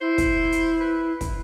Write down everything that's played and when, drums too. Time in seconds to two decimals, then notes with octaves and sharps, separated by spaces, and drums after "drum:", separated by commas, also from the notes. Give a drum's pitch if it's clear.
0.01 E4 C5
0.18 drum: kick, hi-hat
0.52 drum: hi-hat
0.80 B4
1.21 drum: kick, hi-hat